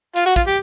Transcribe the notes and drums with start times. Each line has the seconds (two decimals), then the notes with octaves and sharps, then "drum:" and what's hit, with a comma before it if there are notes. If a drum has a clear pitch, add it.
0.16 F4, drum: hi-hat
0.26 F#4
0.36 F4, drum: kick, hi-hat
0.47 G4